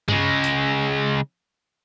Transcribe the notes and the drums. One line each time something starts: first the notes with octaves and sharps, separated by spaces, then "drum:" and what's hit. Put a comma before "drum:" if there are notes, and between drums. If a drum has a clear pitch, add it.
C#3 G#3, drum: tom G2
drum: hi-hat